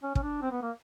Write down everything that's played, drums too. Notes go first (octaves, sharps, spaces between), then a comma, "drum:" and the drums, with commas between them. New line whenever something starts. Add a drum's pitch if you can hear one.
C#4
C#4, drum: kick
D4
C4
B3
A#3